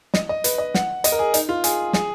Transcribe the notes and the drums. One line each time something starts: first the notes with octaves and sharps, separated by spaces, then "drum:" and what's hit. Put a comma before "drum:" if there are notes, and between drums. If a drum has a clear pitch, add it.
D#5, drum: snare
D#5
B4, drum: hi-hat
D#5
F#5, drum: snare
D#5, drum: hi-hat
A#4
G#4
D#4, drum: hi-hat
F4
G#4, drum: hi-hat
G#4, drum: snare